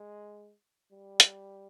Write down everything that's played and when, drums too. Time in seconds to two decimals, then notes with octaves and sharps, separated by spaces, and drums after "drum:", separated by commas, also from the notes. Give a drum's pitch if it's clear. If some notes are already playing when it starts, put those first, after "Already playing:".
Already playing: G#3
0.91 G3
1.20 drum: hi-hat